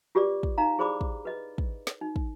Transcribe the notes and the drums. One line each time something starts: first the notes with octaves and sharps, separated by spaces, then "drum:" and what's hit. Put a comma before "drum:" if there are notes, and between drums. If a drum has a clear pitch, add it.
F4 G4 B4 D5 D6
drum: kick
D#4 F5 A#5
E4 G#4 C5 D5 B5 D6
drum: kick
B4 D#5
drum: kick
drum: snare
D#4
drum: kick